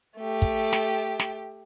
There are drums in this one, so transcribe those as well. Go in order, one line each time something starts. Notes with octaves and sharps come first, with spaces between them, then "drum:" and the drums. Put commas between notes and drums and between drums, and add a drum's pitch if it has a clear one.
A3 G4
drum: kick
drum: snare
drum: snare